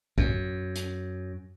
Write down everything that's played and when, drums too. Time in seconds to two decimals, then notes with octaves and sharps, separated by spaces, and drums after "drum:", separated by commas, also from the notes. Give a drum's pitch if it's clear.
0.18 F#2, drum: kick
0.75 drum: hi-hat